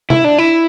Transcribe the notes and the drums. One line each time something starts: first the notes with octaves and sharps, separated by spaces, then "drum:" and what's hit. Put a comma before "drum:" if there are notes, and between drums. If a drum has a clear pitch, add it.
E4, drum: tom C3
D4
E4